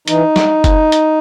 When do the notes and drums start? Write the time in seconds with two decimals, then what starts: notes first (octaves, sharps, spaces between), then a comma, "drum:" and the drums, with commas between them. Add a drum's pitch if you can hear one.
0.08 E3 D#4, drum: hi-hat
0.36 drum: snare
0.64 drum: kick, hi-hat
0.92 drum: hi-hat